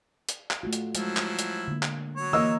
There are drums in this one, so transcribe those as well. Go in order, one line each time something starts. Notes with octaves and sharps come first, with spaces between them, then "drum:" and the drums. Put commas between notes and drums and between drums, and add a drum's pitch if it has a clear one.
drum: hi-hat
drum: clap
A3 F4 F#4
drum: hi-hat
F3 F#3 G#3 E4, drum: hi-hat
drum: clap
drum: hi-hat
D3 A#3
drum: clap
F#3 C#5
E3 A#3 D#5 E6